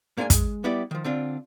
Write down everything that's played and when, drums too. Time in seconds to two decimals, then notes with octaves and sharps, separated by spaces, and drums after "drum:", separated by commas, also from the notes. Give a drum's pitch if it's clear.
0.17 G#2 A#3 D4 A#4 G#5
0.30 G#3, drum: kick, hi-hat
0.64 G3 B3 E4 G4 D5
0.91 D#3 F3
1.04 D3 C4 D4 F4